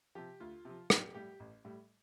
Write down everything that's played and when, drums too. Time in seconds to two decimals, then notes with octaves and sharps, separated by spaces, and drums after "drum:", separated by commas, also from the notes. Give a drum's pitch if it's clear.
0.15 C3 F3 G4
0.40 D2 F4
0.65 C3 F3
0.90 A1 G4, drum: rim click
1.15 A2 G3 G4
1.40 A1
1.65 A2 G3